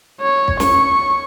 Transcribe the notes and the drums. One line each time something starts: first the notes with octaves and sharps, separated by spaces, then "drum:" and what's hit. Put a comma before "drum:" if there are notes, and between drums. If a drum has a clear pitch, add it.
C#5
drum: kick
C#6, drum: snare